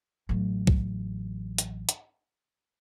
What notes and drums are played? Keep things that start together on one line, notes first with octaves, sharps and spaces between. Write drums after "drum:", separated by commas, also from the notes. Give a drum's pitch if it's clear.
A1 F#3
drum: kick
drum: hi-hat
drum: hi-hat